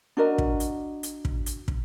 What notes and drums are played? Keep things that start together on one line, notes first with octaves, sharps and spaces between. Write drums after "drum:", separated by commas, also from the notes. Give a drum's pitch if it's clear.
D4 F#4 A#4 D#5
drum: kick
drum: hi-hat
drum: hi-hat
drum: kick
drum: hi-hat
drum: kick